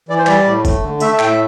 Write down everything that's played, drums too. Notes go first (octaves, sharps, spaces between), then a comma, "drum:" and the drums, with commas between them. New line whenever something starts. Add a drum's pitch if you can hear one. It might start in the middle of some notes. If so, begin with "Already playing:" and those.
E3 D5
C5
G3 D5, drum: clap
A2
A3, drum: kick, tambourine
D3
A3 E5, drum: tambourine
E5
A2 G5, drum: clap
E5